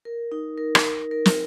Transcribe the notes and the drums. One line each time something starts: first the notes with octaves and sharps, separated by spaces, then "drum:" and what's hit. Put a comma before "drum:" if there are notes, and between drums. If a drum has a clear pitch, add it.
A#4
D#4
A#4
drum: rim click
A#4
A#4
drum: snare